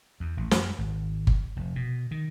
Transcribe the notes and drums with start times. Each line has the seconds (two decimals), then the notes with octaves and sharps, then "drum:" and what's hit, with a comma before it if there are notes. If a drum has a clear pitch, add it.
0.20 E2
0.37 A1
0.51 F#2, drum: snare
0.78 G#1
1.27 drum: kick G1
1.56 F1
1.76 B2
2.11 D#3